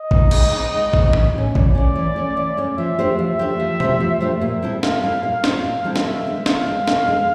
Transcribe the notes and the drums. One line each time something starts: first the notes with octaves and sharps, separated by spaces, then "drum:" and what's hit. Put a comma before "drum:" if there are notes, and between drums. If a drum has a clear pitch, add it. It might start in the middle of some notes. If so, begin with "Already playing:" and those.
Already playing: D#5
C4, drum: kick
D#4
G#3, drum: cymbal
C4 D#4
G#3
C4 D#4, drum: kick
E3, drum: tom A2
A3 C#4
E3 D5, drum: kick
A3 C#4
E3
A3 C#4
E3
A3 C#4
F3 E5
A3 D4 G4 C5
F3 E5
A3 D4 G4 C5
F3
A3 D4 G4 C5, drum: tom B2
F3
A3 D4 G4 C5
A#2 E5
G3 C4 E4 A4
A#2 F5, drum: snare
G3 C4 E4 A4
A#2 F5
G3 C4 E4 A4, drum: snare
A#2
G3 C4 E4 A4
drum: snare
B2 E5
G#3 B3 D4
B2 F5, drum: snare
G#3 B3 D4
B2, drum: snare
G#3 B3 D4